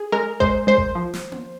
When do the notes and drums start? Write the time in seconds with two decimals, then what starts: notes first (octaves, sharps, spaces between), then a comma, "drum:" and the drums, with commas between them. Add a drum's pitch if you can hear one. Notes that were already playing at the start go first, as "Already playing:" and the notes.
Already playing: G#4
0.12 G#3 A#4
0.40 G#3 C5, drum: kick A1
0.67 G#3 C5
0.77 drum: kick A1
0.95 F3
1.14 drum: snare
1.32 drum: tom A#3